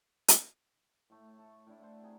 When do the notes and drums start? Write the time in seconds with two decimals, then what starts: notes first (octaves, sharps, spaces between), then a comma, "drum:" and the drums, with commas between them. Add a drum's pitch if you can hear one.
0.28 drum: hi-hat
1.10 A2 A3 C#5
1.39 A4
1.67 A2 D4 E4
1.81 A4 C5 E5 F#5
2.02 C3 G#4 A#5